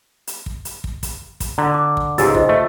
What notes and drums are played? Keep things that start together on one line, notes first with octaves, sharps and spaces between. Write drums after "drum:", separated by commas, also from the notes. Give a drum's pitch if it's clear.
drum: hi-hat
drum: kick
drum: hi-hat
drum: kick
drum: kick, hi-hat
drum: kick, hi-hat
D3 A#5
D6
drum: kick
C#2 G#2 G4 E6 A6, drum: hi-hat
F4 C5 D#5, drum: kick
A3